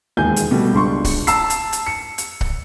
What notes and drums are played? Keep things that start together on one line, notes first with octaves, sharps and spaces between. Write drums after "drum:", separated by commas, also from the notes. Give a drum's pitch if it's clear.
E1 D#2 G#3 G#4 G#5 G6
drum: hi-hat
B2 G3 A3
C#2 D4 C6 C#6
drum: kick C#1, open hi-hat
A5 E6 C7, drum: hi-hat
drum: hi-hat
drum: hi-hat
C#7
drum: hi-hat
drum: kick C#1